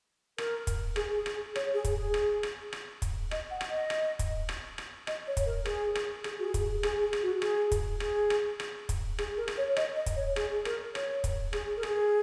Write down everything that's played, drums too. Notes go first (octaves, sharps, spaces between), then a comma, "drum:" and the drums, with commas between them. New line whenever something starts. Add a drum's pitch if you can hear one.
A#4, drum: rim click
drum: kick, hi-hat
G#4, drum: rim click
G#4
drum: rim click
G#4
C#5, drum: rim click
G#4
drum: kick, hi-hat
G#4
drum: rim click
drum: rim click
drum: rim click
drum: kick, hi-hat
D#5, drum: rim click
F#5
drum: rim click
D#5
drum: rim click
drum: kick, hi-hat
drum: rim click
drum: rim click
D#5, drum: rim click
C#5
drum: kick, hi-hat
A#4
G#4, drum: rim click
drum: rim click
G#4, drum: rim click
F#4
G#4
drum: kick, hi-hat
G#4
G#4, drum: rim click
G#4
drum: rim click
F#4
G#4, drum: rim click
drum: kick, hi-hat
G#4, drum: rim click
drum: rim click
drum: rim click
drum: kick, hi-hat
G#4, drum: rim click
A#4
drum: rim click
C#5
D#5, drum: rim click
D#5
drum: kick, hi-hat
C#5
G#4, drum: rim click
A#4, drum: rim click
C#5, drum: rim click
drum: kick, hi-hat
G#4, drum: rim click
A#4
G#4, drum: rim click